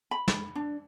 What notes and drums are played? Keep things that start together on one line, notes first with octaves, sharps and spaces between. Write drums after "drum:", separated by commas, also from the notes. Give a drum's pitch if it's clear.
B5
drum: snare
D4